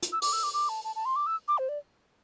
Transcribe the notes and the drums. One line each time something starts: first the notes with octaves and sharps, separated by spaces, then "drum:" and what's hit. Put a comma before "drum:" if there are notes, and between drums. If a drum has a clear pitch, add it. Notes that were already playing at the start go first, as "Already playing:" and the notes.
drum: hi-hat
E6
D6, drum: open hi-hat
E6
D6
D6
A5
A5
A5
C6
D6
E6
D6
C5
D5